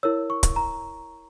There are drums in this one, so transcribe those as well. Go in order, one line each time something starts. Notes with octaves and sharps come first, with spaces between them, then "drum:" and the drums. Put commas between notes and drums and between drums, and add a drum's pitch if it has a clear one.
E4 A#4 C#5 E6
C#6
drum: kick C#1, hi-hat
A#5